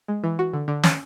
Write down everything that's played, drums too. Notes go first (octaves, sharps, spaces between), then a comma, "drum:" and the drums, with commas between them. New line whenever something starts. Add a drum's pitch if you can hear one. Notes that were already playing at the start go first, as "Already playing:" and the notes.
G#3
E3
F#4
D3
D3
C#4, drum: snare